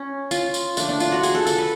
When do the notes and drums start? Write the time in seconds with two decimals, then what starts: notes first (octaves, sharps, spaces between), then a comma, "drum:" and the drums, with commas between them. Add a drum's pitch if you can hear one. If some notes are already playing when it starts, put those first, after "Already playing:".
Already playing: C#4
0.31 F4, drum: tambourine
0.54 drum: tambourine
0.77 F3 A3 D4, drum: tambourine
0.89 D4
1.00 F4, drum: tambourine
1.12 F#4
1.23 G#4, drum: tambourine
1.34 A4
1.47 A4, drum: tambourine
1.58 B4